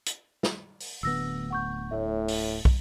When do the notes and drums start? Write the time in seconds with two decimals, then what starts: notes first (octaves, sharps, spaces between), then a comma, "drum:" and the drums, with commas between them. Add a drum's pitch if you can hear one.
0.06 drum: hi-hat
0.43 drum: snare
0.80 drum: open hi-hat
1.03 D1 D2 B3 E6 A#6
1.51 F#5 C#6 G6
1.91 A2 C#5 E5
2.28 drum: open hi-hat
2.65 drum: kick